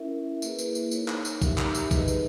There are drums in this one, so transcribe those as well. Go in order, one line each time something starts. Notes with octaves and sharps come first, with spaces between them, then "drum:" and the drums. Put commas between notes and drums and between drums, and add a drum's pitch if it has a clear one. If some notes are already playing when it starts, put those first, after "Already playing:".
Already playing: C#4 E4 A#4 E5
A#3 E4 G#4 B4, drum: tambourine
drum: tambourine
drum: tambourine
D#4 A#4 C#5, drum: tambourine
drum: clap
drum: tambourine
D#4 G4 A#4 E5, drum: kick B1, tambourine
drum: clap
drum: tambourine
D#4 G#4 B4 D#5, drum: kick B1, tambourine
drum: tambourine